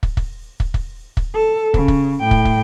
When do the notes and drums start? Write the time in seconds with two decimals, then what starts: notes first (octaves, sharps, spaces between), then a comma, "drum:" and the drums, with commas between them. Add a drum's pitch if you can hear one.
0.03 drum: kick
0.17 drum: kick
0.60 drum: kick
0.74 drum: kick
1.17 drum: kick
1.34 A4
1.74 C#3, drum: kick
1.88 drum: kick
2.21 A2 G5
2.31 drum: kick
2.45 drum: kick